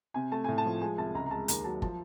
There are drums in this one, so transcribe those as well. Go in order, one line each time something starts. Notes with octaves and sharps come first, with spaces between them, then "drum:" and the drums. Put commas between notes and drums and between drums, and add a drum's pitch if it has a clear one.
C3 G#5
A3 A5
A2 G#5
A5
F3
G#3 G#5
C2 A5
C#2 A#5
A#5
G#3 A5
D#2 A#5, drum: hi-hat
F#3 A5
F3 A5, drum: kick